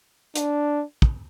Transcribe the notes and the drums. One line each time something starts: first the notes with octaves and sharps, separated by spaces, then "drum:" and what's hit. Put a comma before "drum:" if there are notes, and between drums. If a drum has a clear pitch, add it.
D4, drum: hi-hat
drum: kick